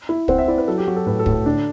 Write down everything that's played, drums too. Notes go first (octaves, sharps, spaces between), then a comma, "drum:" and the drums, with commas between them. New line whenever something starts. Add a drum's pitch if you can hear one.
E4
C4 F#5, drum: kick
E5
E4 D5
B4
F#3 A4
G4
F#3 F#4
A4
A2 B4
A4
A2, drum: kick
A4
D3 D4